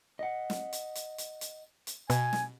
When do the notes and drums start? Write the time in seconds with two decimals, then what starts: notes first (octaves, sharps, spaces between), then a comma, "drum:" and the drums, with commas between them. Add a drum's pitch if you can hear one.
0.19 D#5 F#5
0.50 drum: snare
0.73 drum: hi-hat
0.95 drum: hi-hat
1.18 drum: hi-hat
1.41 drum: hi-hat
1.87 drum: hi-hat
2.10 B2 G#5, drum: hi-hat
2.33 drum: snare